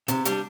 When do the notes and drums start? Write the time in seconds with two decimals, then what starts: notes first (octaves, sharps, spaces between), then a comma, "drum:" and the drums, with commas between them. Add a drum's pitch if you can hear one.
0.08 C3, drum: hi-hat
0.25 G3 D4, drum: hi-hat